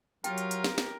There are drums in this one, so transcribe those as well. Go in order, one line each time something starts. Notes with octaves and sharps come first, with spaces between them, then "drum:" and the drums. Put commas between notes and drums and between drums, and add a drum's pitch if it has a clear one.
F#3 F4 G4 A#4 G5, drum: hi-hat
drum: hi-hat
drum: hi-hat
drum: snare
drum: snare